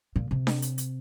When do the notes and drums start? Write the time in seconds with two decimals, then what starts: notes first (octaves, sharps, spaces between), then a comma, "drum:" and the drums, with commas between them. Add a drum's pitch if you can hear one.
0.16 A#2
0.31 C3
0.47 drum: snare D4
0.62 drum: hi-hat
0.78 drum: hi-hat